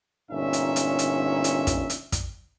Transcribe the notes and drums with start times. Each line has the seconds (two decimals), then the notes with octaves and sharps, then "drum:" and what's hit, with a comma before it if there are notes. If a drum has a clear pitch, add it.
0.30 G1 A#2 C#4 D#4 E5
0.53 drum: hi-hat
0.76 drum: hi-hat
0.99 drum: hi-hat
1.44 drum: hi-hat
1.67 drum: kick, hi-hat
1.90 drum: hi-hat
2.12 drum: kick, hi-hat